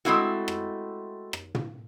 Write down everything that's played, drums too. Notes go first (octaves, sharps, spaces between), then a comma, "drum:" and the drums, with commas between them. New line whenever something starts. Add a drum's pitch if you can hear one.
G#3 A3 C4 E4 F#4
drum: rim click
drum: rim click
drum: tom